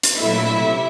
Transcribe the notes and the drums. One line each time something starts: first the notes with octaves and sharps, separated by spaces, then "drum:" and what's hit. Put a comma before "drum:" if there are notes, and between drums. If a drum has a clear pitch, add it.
drum: hi-hat
A#2 F#3 A3 E4 E5
C3